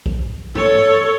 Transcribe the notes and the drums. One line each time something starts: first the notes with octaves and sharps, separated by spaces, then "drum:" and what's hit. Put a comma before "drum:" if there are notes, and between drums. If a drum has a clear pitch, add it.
drum: kick
A4 C#5, drum: tom G2